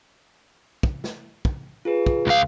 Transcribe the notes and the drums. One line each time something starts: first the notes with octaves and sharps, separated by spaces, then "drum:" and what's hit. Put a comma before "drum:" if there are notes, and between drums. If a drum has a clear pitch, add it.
drum: kick
drum: snare
drum: kick
F4 G#4 B4
drum: kick
C#2 F5